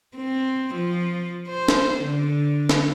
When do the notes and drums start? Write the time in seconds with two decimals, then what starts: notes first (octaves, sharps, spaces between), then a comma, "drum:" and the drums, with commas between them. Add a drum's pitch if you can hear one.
0.17 C4
0.75 F3
1.49 C5
1.68 drum: snare
2.03 D3
2.69 drum: snare